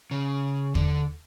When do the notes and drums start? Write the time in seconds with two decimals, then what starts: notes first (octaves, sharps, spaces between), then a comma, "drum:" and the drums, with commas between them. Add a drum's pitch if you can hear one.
0.11 C#3
0.75 D3, drum: kick